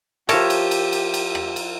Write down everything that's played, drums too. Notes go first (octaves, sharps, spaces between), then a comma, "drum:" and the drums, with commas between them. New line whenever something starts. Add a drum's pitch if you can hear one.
F3 G4 A#4 C#5 E5 A5, drum: cymbal
drum: cymbal
drum: cymbal
drum: cymbal
drum: cymbal
drum: rim click
drum: cymbal